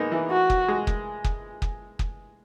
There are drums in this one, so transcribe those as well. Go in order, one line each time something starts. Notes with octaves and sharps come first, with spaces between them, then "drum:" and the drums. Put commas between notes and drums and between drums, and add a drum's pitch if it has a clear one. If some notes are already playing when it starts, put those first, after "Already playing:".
Already playing: G#3 A#3 B3 D#4
E3
F#4
drum: kick
G#3
drum: kick
drum: kick
drum: kick
drum: kick